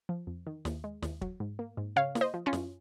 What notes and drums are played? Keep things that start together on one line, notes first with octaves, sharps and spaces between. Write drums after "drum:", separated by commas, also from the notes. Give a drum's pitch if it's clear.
F3
F2
D#3
D#2, drum: snare
G#3
D#2, drum: snare
F#3, drum: kick
G#2
A#3
G#2
C#3 C#5 F5
A#3, drum: snare
C5 D#5
F3
C#4 F4
F#2, drum: snare